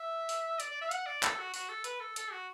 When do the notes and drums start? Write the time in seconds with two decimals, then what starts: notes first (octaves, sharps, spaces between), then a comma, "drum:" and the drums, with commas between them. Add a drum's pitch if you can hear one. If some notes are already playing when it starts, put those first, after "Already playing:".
Already playing: E5
0.29 drum: open hi-hat
0.60 D5, drum: hi-hat
0.70 D5
0.81 E5
0.91 F#5, drum: hi-hat
1.06 D5
1.23 A4, drum: clap
1.38 F#4
1.54 F#4, drum: open hi-hat
1.69 A4
1.84 B4, drum: hi-hat
2.00 A4
2.16 A4, drum: hi-hat
2.31 F#4